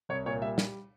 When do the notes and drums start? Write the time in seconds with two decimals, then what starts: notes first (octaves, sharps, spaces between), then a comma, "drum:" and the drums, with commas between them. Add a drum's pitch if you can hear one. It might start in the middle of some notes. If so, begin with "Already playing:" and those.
0.09 C2 C#5
0.26 A#2 C#5
0.42 G3 E5
0.58 drum: snare